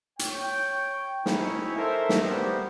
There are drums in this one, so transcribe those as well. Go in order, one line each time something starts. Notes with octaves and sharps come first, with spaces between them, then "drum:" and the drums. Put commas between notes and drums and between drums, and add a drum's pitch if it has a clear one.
C#5 G5, drum: hi-hat
F#3 C4 C#4 D#4 E4, drum: snare
A4 A#4 C5 E5
drum: snare
G3 A#3 B3 C5